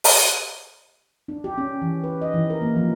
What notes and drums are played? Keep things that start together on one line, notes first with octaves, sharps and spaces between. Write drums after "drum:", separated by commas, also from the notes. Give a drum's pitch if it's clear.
drum: open hi-hat
D4
G4
C#4
E3
B4
D#5
E3
A#4
A#3
F3